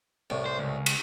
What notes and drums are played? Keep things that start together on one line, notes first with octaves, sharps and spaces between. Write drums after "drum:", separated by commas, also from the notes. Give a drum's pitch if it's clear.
C2 A2
C5
C#2
drum: cymbal